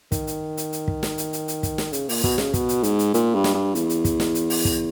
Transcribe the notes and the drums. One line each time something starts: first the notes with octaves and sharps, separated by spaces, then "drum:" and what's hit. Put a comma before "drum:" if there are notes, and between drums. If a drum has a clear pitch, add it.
D#3, drum: kick, hi-hat
drum: hi-hat
drum: hi-hat
drum: hi-hat
drum: kick
drum: snare
drum: hi-hat
drum: hi-hat
drum: hi-hat
drum: kick, hi-hat
drum: snare
C#3, drum: hi-hat
A#2, drum: open hi-hat
B2, drum: kick, hi-hat
C#3, drum: snare
B2, drum: kick, hi-hat
drum: hi-hat
G#2, drum: hi-hat
drum: hi-hat
A#2, drum: hi-hat
G2
drum: snare
G2
E2, drum: hi-hat
drum: hi-hat
drum: kick, hi-hat
drum: snare
drum: hi-hat
drum: open hi-hat
drum: kick, hi-hat